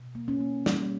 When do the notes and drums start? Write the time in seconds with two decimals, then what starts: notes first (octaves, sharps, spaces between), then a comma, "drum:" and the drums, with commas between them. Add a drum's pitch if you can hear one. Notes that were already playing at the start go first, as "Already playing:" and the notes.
Already playing: B2
0.15 A#3
0.28 C#4
0.40 A#3
0.66 G3, drum: snare